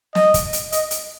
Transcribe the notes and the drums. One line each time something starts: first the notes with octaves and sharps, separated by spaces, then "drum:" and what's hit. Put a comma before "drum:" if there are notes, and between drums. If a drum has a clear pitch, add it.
D#5, drum: snare
drum: kick, hi-hat
drum: hi-hat
D#5, drum: hi-hat
drum: hi-hat